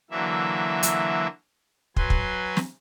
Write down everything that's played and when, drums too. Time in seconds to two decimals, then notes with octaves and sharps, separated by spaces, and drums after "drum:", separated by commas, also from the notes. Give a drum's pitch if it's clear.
0.11 D3 E3 F#3 A#3 E5
0.83 drum: hi-hat
1.96 F#3 B4 G#5 C6, drum: kick
2.10 drum: kick
2.57 drum: snare